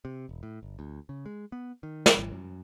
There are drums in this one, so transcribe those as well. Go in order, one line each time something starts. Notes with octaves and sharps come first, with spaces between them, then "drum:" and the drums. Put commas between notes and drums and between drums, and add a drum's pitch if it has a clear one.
C3
E1
A2
G1
D2
C#3
G#3
B3
D#3
drum: snare
G#1
F#2